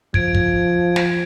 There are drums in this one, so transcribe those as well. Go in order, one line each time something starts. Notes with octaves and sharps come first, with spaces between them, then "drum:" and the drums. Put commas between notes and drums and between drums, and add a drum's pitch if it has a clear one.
F3 G#6 D7, drum: kick
drum: kick
drum: snare